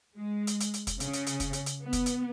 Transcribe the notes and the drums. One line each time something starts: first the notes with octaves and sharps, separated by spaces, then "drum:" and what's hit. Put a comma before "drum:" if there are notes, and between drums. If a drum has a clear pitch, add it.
G#3
drum: hi-hat
drum: hi-hat
drum: hi-hat
drum: kick, hi-hat
C#3, drum: hi-hat
drum: hi-hat
drum: hi-hat
drum: kick, hi-hat
drum: hi-hat
drum: hi-hat
B3
drum: kick, hi-hat
drum: hi-hat